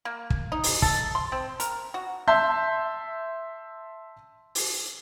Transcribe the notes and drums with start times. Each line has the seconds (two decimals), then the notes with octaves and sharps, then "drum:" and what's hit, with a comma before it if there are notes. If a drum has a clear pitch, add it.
0.05 A#3
0.30 drum: kick
0.52 D#4
0.64 drum: open hi-hat
0.82 A4, drum: kick
1.15 C6
1.32 C4
1.60 A#4, drum: hi-hat
1.94 F#4
2.28 E5 A5 C6 G6
4.55 drum: open hi-hat